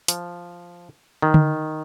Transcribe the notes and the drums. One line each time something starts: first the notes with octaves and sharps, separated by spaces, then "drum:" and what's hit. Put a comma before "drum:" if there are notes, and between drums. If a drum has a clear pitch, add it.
F3, drum: hi-hat
D#3
drum: tom D3